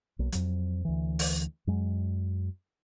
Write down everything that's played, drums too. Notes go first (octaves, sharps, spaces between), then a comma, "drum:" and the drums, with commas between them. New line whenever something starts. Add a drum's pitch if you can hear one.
B1 A#3
F2 F#3, drum: hi-hat
D2 E3
drum: open hi-hat
F#2 F#3 G#3